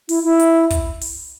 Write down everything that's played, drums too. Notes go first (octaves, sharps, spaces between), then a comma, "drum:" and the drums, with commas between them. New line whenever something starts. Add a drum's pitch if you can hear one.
E4, drum: open hi-hat
E4
drum: hi-hat
drum: kick, hi-hat
drum: open hi-hat